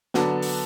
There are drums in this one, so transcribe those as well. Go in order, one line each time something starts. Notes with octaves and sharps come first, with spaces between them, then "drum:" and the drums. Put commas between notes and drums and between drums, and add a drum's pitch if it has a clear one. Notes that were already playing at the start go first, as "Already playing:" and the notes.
D3 F#3 B3 D4, drum: snare
drum: open hi-hat